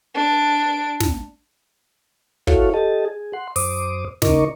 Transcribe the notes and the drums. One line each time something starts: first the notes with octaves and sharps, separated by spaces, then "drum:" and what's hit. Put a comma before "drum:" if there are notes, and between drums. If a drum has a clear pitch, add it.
D4 D7
drum: snare
E4 F#4 A4 C#5 F5, drum: kick
G4 A4 D#5 A5
G#4
F#5 C6
F#2 C5 D6 D#6, drum: open hi-hat
C#3 D#4 A#4 D#5 C#6 D6, drum: snare